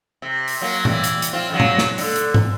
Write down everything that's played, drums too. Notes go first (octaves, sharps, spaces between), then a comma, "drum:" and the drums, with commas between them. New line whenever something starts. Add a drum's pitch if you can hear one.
C3
drum: open hi-hat
F#3 A#3
E3 G3, drum: tom A#2
drum: hi-hat
drum: hi-hat
F3 C4 F4
C#3 F3 F#3
drum: tom A#2
drum: snare
D3, drum: open hi-hat
drum: hi-hat
drum: tom G#2